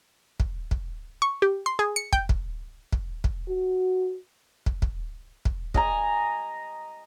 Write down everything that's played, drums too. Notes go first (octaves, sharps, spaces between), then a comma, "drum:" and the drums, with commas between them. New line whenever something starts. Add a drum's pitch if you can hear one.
drum: kick
drum: kick
C#6
G4
C6
G#4
C#7
G5, drum: kick
drum: kick
drum: kick
drum: kick
F#4
drum: kick
drum: kick
drum: kick
D#5 G#5 A#5, drum: kick